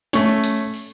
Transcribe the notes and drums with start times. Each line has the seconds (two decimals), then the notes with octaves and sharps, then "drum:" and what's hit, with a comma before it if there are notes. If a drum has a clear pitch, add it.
0.13 A3 C#4, drum: snare
0.44 drum: hi-hat
0.74 drum: open hi-hat